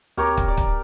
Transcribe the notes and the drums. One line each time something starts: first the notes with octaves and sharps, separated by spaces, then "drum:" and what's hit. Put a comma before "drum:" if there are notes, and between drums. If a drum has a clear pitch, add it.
D2 G4 A#4 C#5
drum: kick
D5
drum: kick